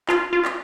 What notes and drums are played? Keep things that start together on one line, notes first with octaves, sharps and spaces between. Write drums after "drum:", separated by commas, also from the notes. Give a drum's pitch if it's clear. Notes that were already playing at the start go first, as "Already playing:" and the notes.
F4, drum: clap
F4
drum: clap